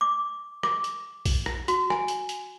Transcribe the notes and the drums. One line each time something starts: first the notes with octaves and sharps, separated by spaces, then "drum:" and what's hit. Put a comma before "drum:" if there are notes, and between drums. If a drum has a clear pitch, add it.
D6
D6, drum: rim click
drum: hi-hat
drum: kick A#1, open hi-hat
drum: rim click
F#4, drum: hi-hat
G#5, drum: rim click
drum: hi-hat
drum: hi-hat